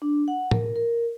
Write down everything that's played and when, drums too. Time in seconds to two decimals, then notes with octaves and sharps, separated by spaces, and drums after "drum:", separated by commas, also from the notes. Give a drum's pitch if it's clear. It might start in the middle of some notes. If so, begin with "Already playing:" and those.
0.02 D4
0.28 F#5
0.51 A#4, drum: tom A2
0.76 A#4